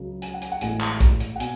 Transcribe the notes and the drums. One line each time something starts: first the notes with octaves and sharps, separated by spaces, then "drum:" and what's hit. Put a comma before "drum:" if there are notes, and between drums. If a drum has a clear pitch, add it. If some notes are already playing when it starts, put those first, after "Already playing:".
Already playing: C#2 C#3 F#3
G#5, drum: hi-hat
F#5
G#5, drum: hi-hat
F#5
A1 A2 G#3 G#5, drum: hi-hat
drum: clap
drum: kick, hi-hat
drum: hi-hat
F#5
B2 G#5, drum: hi-hat